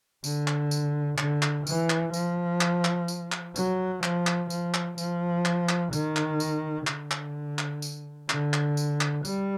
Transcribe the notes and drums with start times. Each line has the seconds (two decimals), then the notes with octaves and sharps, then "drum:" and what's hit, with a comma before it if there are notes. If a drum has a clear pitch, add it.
0.24 D3, drum: tambourine
0.48 drum: clap
0.71 drum: tambourine
1.18 D3, drum: clap
1.42 drum: clap
1.67 E3, drum: tambourine
1.90 drum: clap
2.13 F3, drum: tambourine
2.61 drum: clap
2.85 drum: clap
3.08 drum: tambourine
3.32 drum: clap
3.56 F#3, drum: tambourine
4.03 F3, drum: clap
4.27 drum: clap
4.50 F3, drum: tambourine
4.74 drum: clap
4.98 F3, drum: tambourine
5.45 drum: clap
5.69 drum: clap
5.93 D#3, drum: tambourine
6.16 drum: clap
6.40 drum: tambourine
6.87 D3, drum: clap
7.11 drum: clap
7.59 drum: clap
7.82 drum: tambourine
8.30 D3, drum: clap
8.53 drum: clap
8.77 drum: tambourine
9.01 drum: clap
9.25 G3, drum: tambourine